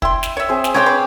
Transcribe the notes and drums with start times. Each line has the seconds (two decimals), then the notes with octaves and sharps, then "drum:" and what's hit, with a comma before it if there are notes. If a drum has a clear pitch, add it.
0.02 E4 G5 C6, drum: kick
0.23 drum: snare
0.37 C#5 E5
0.49 C4 G#4 G#5
0.64 drum: snare
0.74 C3 C#4 C5 C#5 G5 D6
0.86 B4 C6